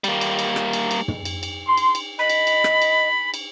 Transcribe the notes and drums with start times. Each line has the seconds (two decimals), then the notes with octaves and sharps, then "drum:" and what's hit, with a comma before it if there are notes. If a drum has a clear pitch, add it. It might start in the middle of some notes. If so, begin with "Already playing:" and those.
0.04 G3 A#3, drum: cymbal
0.21 drum: cymbal
0.39 drum: cymbal
0.56 drum: rim click
0.73 drum: cymbal
0.91 drum: cymbal
1.08 drum: tom
1.25 drum: cymbal
1.43 drum: cymbal
1.67 C6
1.77 drum: cymbal
1.95 drum: cymbal
2.19 D#5 B5
2.30 drum: cymbal
2.47 drum: cymbal
2.64 drum: rim click
2.82 drum: cymbal
3.34 drum: cymbal